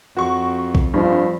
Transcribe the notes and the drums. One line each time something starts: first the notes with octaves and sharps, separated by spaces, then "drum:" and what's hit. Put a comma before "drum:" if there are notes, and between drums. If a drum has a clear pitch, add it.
F2 F#4 C#6
drum: kick B1
G2 F3